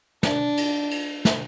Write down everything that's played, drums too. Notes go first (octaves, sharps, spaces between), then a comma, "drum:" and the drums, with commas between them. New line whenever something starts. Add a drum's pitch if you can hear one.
D4, drum: snare
drum: cymbal
drum: cymbal
drum: snare